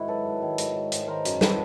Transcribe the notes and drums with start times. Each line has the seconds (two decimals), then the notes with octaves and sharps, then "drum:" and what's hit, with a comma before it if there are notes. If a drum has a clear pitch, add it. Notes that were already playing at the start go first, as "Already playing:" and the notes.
Already playing: G#2 D#3 E4 F#4
0.08 F#3 A4 B4
0.25 G#2
0.42 D#3
0.58 G#2, drum: hi-hat
0.75 F#3
0.92 G#2, drum: hi-hat
1.08 D#3 A#4 C5
1.25 F#2, drum: hi-hat
1.41 F#3 A4 B4, drum: snare